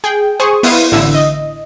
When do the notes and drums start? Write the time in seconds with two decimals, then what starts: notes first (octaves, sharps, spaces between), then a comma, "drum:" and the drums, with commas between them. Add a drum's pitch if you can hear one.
0.04 G#4 G5
0.40 G#4 C5 C#6 D#6
0.63 B3 E4 F5 C6 D#7, drum: open hi-hat
0.92 A1 D3 E4 E6
1.14 D#5